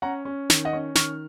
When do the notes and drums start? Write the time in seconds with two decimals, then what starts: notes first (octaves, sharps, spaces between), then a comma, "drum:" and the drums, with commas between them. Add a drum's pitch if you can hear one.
0.02 C#4 F#5 A#5
0.25 C#4
0.50 D#3, drum: snare
0.65 D#5 F#5
0.73 C#4
0.95 D#3 C#6 F6, drum: snare